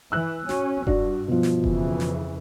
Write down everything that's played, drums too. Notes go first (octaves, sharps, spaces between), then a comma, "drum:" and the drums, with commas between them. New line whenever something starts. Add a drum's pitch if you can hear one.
E3 E6 F#6
C#4 F#4, drum: snare
G2 D4 F#4 D5, drum: kick F1
B2 F3
drum: snare
F2 C#3 E3, drum: kick F1
drum: snare